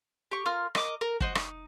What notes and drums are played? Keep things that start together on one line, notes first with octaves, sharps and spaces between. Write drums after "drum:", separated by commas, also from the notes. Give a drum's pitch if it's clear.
G4 C#6
F4 A#4 F6
A#4 D#5 D6, drum: rim click
A#4
F#4 C5 D#5, drum: kick
D#4, drum: rim click